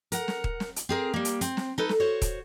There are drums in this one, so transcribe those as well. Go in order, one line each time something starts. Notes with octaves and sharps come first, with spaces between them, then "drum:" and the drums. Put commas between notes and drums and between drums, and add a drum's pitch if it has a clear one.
A#4 F#5, drum: hi-hat
drum: snare
drum: kick D#1
drum: snare
drum: hi-hat
C4 G#4 A#4
G3 A#3
drum: hi-hat
C4, drum: hi-hat
drum: snare
D#4 A4 B4
drum: snare
F#4 C5 C#5
drum: kick D#1, hi-hat